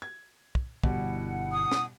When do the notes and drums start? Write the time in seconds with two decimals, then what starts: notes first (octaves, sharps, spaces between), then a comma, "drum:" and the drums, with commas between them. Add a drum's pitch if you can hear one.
0.02 G#6
0.55 drum: kick
0.84 G1 B2 G3 E4 F#5, drum: kick
1.52 D#6
1.72 drum: snare